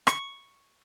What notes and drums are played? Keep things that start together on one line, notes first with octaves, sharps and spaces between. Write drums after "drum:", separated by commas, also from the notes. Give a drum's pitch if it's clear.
C#6, drum: rim click